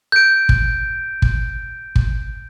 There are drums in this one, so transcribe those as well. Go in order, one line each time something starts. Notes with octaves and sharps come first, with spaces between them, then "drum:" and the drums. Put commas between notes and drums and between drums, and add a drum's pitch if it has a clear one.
G6 D7
drum: kick
drum: kick
drum: kick